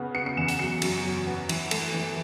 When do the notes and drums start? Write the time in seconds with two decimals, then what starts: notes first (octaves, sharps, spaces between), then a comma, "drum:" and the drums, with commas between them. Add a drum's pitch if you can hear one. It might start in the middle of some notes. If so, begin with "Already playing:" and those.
Already playing: C#3 B3
0.15 B3 C#7
0.26 C#7
0.37 E2 E7
0.48 E7, drum: hi-hat
0.59 F#3 C#7
0.82 F#2, drum: cymbal
1.04 F#3
1.27 B3
1.49 E3, drum: cymbal
1.71 A3, drum: cymbal
1.94 E3